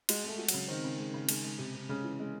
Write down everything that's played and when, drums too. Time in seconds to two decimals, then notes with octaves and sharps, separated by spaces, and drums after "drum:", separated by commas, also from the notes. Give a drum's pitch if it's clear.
0.09 G#3 F#4, drum: cymbal
0.24 G#3 A3
0.38 F#4
0.48 F#3, drum: cymbal
0.54 C#3
0.68 D#3 C4
0.84 C#3
0.98 G#3
1.14 C#3
1.29 G#3, drum: cymbal
1.44 G#3
1.58 C3
1.75 C3
1.89 C#3 G#3
2.04 E3
2.20 G#3